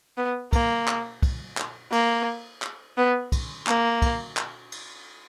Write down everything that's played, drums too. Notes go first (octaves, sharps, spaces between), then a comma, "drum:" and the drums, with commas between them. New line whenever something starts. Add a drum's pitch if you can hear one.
B3
A#3, drum: kick, cymbal
drum: clap
drum: kick, cymbal
drum: clap
A#3, drum: cymbal
drum: clap
B3
drum: kick, cymbal
A#3, drum: clap
drum: kick, cymbal
drum: clap
drum: cymbal